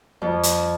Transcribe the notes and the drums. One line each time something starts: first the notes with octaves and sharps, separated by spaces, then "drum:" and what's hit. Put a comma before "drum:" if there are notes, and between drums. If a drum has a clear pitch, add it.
F2
drum: hi-hat